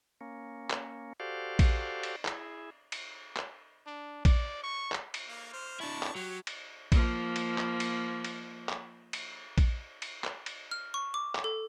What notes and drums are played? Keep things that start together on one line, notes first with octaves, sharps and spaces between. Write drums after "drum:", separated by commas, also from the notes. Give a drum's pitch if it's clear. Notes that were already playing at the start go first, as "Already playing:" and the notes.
A#3 C#4
drum: clap
F#4 G4 A4 C5 D5 F5
drum: kick A#1, cymbal
drum: cymbal
E4 G#4, drum: clap
drum: cymbal
drum: clap
D4
D5, drum: kick A#1, cymbal
C#6
drum: clap
drum: cymbal
A#3 F5
C5 F6
D4 E4 A5 C#6
drum: clap
F#3 G4 C#5
drum: cymbal
F3 A#3, drum: kick A#1, cymbal
drum: cymbal
drum: clap
drum: cymbal
drum: cymbal
drum: clap
drum: cymbal
drum: kick A#1, cymbal
drum: cymbal
drum: clap
drum: cymbal
F6
C#6
D6
drum: clap
A4